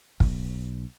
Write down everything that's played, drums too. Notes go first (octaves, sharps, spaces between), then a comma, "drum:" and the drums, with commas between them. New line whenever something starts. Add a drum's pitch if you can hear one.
B1, drum: kick